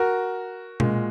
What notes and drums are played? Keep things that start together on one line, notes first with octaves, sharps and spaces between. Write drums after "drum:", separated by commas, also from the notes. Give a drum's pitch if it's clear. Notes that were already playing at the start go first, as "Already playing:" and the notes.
Already playing: F#4 A#4
A#2 G#3, drum: tom B2